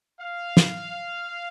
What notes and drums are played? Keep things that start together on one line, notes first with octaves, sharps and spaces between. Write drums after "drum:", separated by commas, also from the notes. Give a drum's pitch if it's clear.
F5
drum: snare